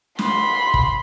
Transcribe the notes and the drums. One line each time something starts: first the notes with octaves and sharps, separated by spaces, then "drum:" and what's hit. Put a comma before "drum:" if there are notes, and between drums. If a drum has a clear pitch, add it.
B5 C6, drum: snare
drum: kick